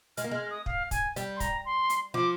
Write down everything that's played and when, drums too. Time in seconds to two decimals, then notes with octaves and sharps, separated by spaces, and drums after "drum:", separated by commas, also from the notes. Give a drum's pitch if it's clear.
0.17 G#3 F6, drum: hi-hat
0.24 A#3
0.31 G#3 F6
0.51 D#6
0.66 F5, drum: kick
0.91 G#5, drum: kick, hi-hat
1.16 G3, drum: hi-hat
1.37 C6
1.40 A#5, drum: kick, hi-hat
1.65 C6
1.90 drum: hi-hat
2.14 F3 D6